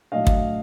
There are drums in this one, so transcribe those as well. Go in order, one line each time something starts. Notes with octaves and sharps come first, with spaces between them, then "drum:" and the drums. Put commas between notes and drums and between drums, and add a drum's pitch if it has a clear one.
A2 F#3 A3 D4 D#5 F5
drum: kick